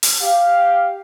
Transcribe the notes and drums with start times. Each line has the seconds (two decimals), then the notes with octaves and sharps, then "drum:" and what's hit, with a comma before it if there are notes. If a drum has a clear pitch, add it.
0.03 drum: open hi-hat
0.21 G4 F5